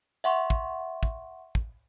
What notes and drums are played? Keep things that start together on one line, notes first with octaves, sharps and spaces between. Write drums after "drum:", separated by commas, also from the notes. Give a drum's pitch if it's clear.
E5 F#5 C6 C#6
drum: kick
drum: kick
drum: kick